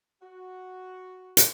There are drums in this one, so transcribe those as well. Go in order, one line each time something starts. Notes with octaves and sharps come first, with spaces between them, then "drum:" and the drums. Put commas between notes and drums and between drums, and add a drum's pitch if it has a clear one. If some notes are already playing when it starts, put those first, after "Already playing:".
F#4
drum: hi-hat